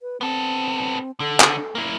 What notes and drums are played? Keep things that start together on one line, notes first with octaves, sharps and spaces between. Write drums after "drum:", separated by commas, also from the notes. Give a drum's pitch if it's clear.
B4
B3 C4 A4
D3 A4
drum: clap
A#3 E4